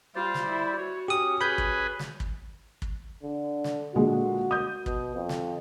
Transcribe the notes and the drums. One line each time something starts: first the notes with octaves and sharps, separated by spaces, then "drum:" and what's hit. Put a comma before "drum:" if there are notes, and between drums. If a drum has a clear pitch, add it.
G3 F4 C5 D5
drum: snare
E4
F#4 C#5
C#4 G4 D#6
G#4 B4 B5 G6
drum: kick
drum: snare
drum: kick
drum: kick
D3
drum: snare
A#2 D3 G#3 F#4
D#6 G6
B2, drum: kick
F2
drum: snare